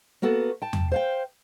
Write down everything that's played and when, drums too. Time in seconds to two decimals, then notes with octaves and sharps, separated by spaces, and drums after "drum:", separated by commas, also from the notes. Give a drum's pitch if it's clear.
0.22 A#3 B3 F#4 A4
0.62 G5 A5
0.73 drum: tom E2
0.92 C5 F5 G5